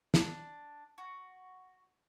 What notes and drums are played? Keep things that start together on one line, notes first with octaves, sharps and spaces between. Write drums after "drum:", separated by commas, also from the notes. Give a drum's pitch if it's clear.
D4, drum: snare
F#4